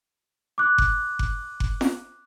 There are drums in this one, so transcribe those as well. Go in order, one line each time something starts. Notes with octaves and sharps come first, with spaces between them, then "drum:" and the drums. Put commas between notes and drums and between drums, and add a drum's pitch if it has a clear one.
D6 F#6
drum: kick F#1
drum: kick F#1
drum: kick F#1
drum: snare F4